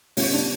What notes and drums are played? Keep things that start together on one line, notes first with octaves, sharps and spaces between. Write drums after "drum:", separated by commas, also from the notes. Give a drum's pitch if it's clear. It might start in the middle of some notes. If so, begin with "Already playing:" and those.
C#3 G3 B3 C#4, drum: open hi-hat
D4